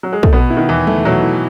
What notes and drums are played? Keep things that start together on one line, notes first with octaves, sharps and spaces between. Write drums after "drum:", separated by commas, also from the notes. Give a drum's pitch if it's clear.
F#3
G#3
A3, drum: kick
B2 B3
E4
D#3
E2 E3
A3, drum: tom
B2 F#3
E4